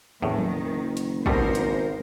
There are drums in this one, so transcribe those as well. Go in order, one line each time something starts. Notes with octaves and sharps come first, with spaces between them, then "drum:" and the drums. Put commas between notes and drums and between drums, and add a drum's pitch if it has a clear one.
F#1 E2 A2 D#3
drum: tom F3
drum: hi-hat
G#1 B2 G3 A3 B3 A#4 C5, drum: kick
drum: hi-hat